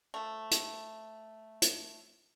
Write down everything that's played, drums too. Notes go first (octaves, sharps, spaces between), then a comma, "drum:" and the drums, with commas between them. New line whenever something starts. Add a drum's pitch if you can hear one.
F3 A3
drum: hi-hat
drum: hi-hat